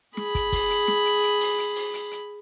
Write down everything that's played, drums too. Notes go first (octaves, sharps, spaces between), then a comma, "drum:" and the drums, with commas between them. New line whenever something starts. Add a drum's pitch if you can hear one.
G#4 B5, drum: snare
drum: kick, hi-hat
drum: kick, open hi-hat
drum: hi-hat
drum: snare
drum: hi-hat
drum: hi-hat
drum: open hi-hat
drum: hi-hat
drum: open hi-hat
drum: hi-hat
drum: hi-hat